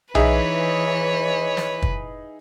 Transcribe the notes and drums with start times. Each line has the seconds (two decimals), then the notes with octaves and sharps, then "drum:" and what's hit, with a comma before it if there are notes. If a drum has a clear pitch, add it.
0.15 E3 D#4 G#4 B4 C#5 E5, drum: tom B1
1.57 drum: snare
1.82 drum: kick